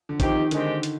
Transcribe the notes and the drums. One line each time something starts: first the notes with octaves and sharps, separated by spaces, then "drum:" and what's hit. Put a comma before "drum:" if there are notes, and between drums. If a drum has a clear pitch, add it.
D3
D#3 F3 C4 D#4 G4, drum: kick, hi-hat
D3 D#3 G#3 C4 G4, drum: hi-hat
drum: hi-hat